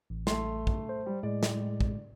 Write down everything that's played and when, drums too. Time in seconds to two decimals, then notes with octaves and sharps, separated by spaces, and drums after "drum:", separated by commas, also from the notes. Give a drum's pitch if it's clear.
0.10 A1
0.27 A3 C6, drum: snare
0.67 drum: kick
0.89 C5
1.06 G3
1.23 A2 G#3 D5
1.43 drum: snare
1.81 drum: kick